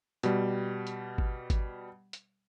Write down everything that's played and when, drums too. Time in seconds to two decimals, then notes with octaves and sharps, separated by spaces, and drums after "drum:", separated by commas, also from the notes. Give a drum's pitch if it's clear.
0.23 B2 G3, drum: hi-hat
0.87 drum: hi-hat
1.18 drum: kick G#1
1.50 drum: kick G#1, hi-hat
2.13 drum: hi-hat